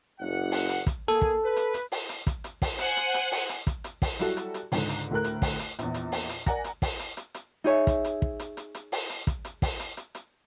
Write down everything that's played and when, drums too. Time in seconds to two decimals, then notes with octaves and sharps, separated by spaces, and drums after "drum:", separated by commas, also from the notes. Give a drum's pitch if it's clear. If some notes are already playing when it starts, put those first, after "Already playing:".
0.21 F#1 F#5
0.51 drum: open hi-hat
0.69 drum: hi-hat
0.87 drum: kick, hi-hat
1.08 A#3 G#4 A4
1.22 drum: kick
1.45 B4
1.57 drum: hi-hat
1.74 drum: hi-hat
1.92 drum: open hi-hat
2.09 drum: hi-hat
2.27 drum: kick, hi-hat
2.44 drum: hi-hat
2.62 drum: kick, open hi-hat
2.78 C5 F#5 G#5, drum: hi-hat
2.97 drum: hi-hat
3.14 drum: hi-hat
3.32 drum: open hi-hat
3.49 drum: hi-hat
3.67 drum: kick, hi-hat
3.84 drum: hi-hat
4.02 drum: kick, open hi-hat
4.19 F#3 G3 E4 F#4 A4, drum: hi-hat
4.37 drum: hi-hat
4.54 drum: hi-hat
4.72 C#2 G#2 D3, drum: open hi-hat
4.89 drum: hi-hat
5.11 D2 A2 A3 A#4 F#6
5.24 drum: hi-hat
5.42 drum: kick, open hi-hat
5.59 drum: hi-hat
5.79 A#1 E2, drum: hi-hat
5.94 drum: hi-hat
6.12 drum: open hi-hat
6.29 drum: hi-hat
6.46 A#4 D5 F#5 G#5 A#5 A#6, drum: kick, hi-hat
6.64 drum: hi-hat
6.82 drum: kick, open hi-hat
6.99 drum: hi-hat
7.17 drum: hi-hat
7.34 drum: hi-hat
7.64 D#4 G#4 C#5 E5
7.87 drum: kick, hi-hat
8.04 drum: hi-hat
8.22 drum: kick
8.39 drum: hi-hat
8.57 drum: hi-hat
8.75 drum: hi-hat
8.92 drum: open hi-hat
9.10 drum: hi-hat
9.27 drum: kick, hi-hat
9.45 drum: hi-hat
9.62 drum: kick, open hi-hat
9.80 drum: hi-hat
9.97 drum: hi-hat
10.15 drum: hi-hat